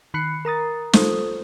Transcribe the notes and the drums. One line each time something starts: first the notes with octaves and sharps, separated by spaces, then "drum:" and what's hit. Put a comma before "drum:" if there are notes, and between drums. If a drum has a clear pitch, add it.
D#3 B5 F#6 C7 C#7
A#4 A#5 D#6 A6
F4 A4 C5 D#6, drum: snare